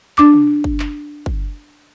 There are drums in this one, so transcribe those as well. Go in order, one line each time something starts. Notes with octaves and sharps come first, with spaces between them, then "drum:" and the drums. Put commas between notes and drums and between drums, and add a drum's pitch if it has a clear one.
D4 D6, drum: clap
drum: tom
drum: kick
drum: clap
drum: kick